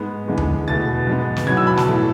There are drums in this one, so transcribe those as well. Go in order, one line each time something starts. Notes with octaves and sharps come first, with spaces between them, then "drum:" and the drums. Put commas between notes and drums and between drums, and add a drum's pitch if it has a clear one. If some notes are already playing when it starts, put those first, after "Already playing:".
Already playing: G#2 G#3 B3
E2 D3 G#3 B3
drum: tom D#2
E2 B2 A3 A6
G#2 G#3 B3
drum: snare
E2 B2 F#3 B3 G#6
E6
B5
A5, drum: snare
A2 E3 A3